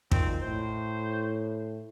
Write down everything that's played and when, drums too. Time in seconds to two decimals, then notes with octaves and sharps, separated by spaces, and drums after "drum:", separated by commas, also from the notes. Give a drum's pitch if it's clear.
0.11 G#1 A#2 D#3 C4, drum: kick
0.42 A2 C5